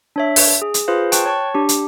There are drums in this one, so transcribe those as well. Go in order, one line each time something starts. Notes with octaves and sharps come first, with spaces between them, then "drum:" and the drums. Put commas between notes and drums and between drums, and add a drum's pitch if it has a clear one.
D4 C#5 E5
drum: open hi-hat
G#4
drum: hi-hat
F4 G#4 B4 C5 F5
G5 A5 C#6 F#6, drum: hi-hat
C#5 A5 C#6
D4 G4
drum: hi-hat